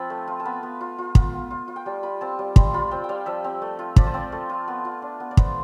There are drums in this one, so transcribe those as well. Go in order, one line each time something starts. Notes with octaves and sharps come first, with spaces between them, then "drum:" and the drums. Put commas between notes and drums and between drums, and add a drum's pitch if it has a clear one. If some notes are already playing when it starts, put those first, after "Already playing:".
Already playing: F3 C4 F4 B5
A3
F4
A5
B3 B5
B3
F4
F4
B3, drum: kick
B3
F4
F4
G5
G3 A5
F4 B5
C4 A5
G3
G3 C6, drum: kick
F4 B5
C4 G5
G5
G3 F5
F3 E5
C4
A3
F4
F3 D5, drum: kick
C5
C4 D5
A3
F4
B3
F4
D4
B3
D5
B3 C5, drum: kick